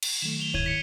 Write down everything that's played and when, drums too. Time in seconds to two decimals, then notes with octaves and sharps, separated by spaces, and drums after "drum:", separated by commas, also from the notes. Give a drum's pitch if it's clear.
0.03 drum: cymbal
0.22 D#3 F#3 A3 E7
0.40 F7 G7
0.54 D1 G2 D#3 E4 C#5 G#6 D#7 F#7
0.66 B6 C#7